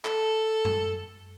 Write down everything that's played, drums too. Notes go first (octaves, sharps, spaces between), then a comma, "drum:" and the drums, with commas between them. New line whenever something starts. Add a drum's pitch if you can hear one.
A4, drum: clap
drum: tom F#2